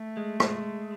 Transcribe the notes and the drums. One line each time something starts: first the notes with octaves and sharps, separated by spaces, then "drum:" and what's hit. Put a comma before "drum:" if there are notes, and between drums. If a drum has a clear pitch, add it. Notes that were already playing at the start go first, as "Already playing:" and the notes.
Already playing: A3
G#3
G#3, drum: rim click